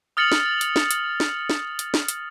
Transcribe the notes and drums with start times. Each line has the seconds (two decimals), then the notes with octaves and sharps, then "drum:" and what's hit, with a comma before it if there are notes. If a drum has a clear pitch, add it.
0.17 D#6 F6 A6 C#7 F7 F#7
0.32 drum: snare
0.61 drum: hi-hat
0.76 drum: snare
0.91 drum: hi-hat
1.20 drum: snare
1.50 drum: snare
1.79 drum: hi-hat
1.94 drum: snare
2.08 drum: hi-hat